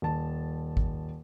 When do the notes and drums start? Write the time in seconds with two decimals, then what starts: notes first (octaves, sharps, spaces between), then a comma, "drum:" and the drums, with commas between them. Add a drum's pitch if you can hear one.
0.02 D#1 A5
0.77 drum: kick G#1